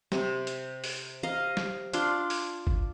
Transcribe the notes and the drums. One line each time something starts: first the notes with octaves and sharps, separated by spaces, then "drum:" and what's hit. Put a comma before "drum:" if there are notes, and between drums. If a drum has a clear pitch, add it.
C3, drum: snare
drum: hi-hat
drum: open hi-hat
D#5 F5 A#5
drum: snare
D4 F4 C6, drum: hi-hat
drum: open hi-hat
drum: kick G1